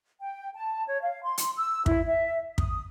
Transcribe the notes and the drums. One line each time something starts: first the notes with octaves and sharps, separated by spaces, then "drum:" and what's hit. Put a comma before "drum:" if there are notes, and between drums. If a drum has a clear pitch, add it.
G5
A5
C#5
F5
C6
drum: hi-hat
E6
E4, drum: kick
E5
D#6, drum: kick